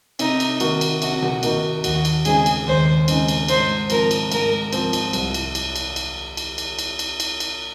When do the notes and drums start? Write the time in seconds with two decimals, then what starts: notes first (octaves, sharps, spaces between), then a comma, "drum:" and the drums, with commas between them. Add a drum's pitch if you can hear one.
0.19 C3 D#4, drum: cymbal
0.40 drum: cymbal
0.60 D#3 A#3 D#4 F#4, drum: cymbal
0.81 drum: cymbal
1.02 C3 F#4, drum: cymbal
1.22 drum: tom B2
1.43 D#3 A#3 D#4 F#4, drum: cymbal
1.84 D#2 F#4, drum: cymbal
2.05 drum: cymbal
2.25 C#3 G#3 C4 D#4 G#4, drum: cymbal
2.46 drum: cymbal
2.67 D#2 C5
3.08 C#3 G#3 C4 D#4, drum: cymbal
3.28 drum: cymbal
3.48 G#2 C5, drum: cymbal
3.90 F3 C4 A#4, drum: cymbal
4.11 drum: cymbal
4.32 G#2 A#4, drum: cymbal
4.73 F3 C4, drum: cymbal
4.93 drum: cymbal
5.13 C2, drum: cymbal
5.34 drum: cymbal
5.55 drum: cymbal
5.76 drum: cymbal
5.96 drum: cymbal
6.37 drum: cymbal
6.58 drum: cymbal
6.79 drum: cymbal
6.99 drum: cymbal
7.20 drum: cymbal
7.40 drum: cymbal